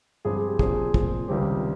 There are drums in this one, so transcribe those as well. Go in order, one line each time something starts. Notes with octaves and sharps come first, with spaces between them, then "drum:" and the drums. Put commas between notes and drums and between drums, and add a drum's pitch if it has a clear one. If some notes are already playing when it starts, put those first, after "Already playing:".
G2 F3 G#3 C4 G#4
G#4
G4
A#2 F3 C4 G#4, drum: kick
A#2 G#3 C4, drum: kick
C#2 C3 D#3 G3 C4 G4